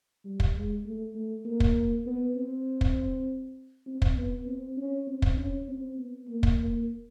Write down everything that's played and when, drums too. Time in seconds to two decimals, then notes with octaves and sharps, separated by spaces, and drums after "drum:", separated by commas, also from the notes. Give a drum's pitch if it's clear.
0.24 G3
0.40 drum: kick
0.54 G#3
0.85 A3
1.15 A3
1.45 A#3
1.60 drum: kick
2.06 B3
2.36 C4
2.81 drum: kick
3.86 C4
4.02 drum: kick
4.17 B3
4.47 C4
4.77 C#4
5.07 C4
5.22 drum: kick
5.37 C#4
5.68 C4
5.98 B3
6.28 A#3
6.43 drum: kick
6.59 A#3